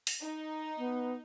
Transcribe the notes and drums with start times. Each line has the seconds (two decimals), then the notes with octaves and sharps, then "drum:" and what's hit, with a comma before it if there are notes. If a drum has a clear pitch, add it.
0.07 drum: open hi-hat
0.21 D#4
0.77 B3